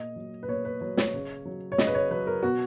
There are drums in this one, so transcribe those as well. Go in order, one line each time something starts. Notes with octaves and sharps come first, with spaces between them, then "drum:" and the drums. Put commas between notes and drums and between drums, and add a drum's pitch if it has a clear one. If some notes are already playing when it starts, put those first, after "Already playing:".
Already playing: A#2 D#5
F#3
B4
A#2 C#5
B4
F#3 C#5
C#5, drum: snare
C#3
F#3
C#5
C#3 D#5, drum: snare
B4
C#5
F#3 B4
A#4
B2 F#4